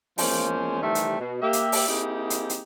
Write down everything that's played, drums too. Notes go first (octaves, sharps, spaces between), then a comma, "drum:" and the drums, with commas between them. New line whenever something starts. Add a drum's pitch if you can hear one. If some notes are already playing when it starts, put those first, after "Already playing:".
E2 F3 G#3 A#3 C#4 C5, drum: open hi-hat
C3 D#3 E3 G3 A3 C4
drum: hi-hat
B2
A#3 G4 E5
drum: hi-hat
drum: open hi-hat
A#3 C4 D#4 E4 G4 G#4
drum: hi-hat
drum: hi-hat